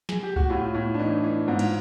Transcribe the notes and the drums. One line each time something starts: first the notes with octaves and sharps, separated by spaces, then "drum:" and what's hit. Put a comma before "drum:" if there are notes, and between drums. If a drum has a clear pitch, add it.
G#4, drum: snare
G4
F#4, drum: kick C#2
A2 F4
A2
D4
E3 D#4
E3
G#2 F4
drum: cymbal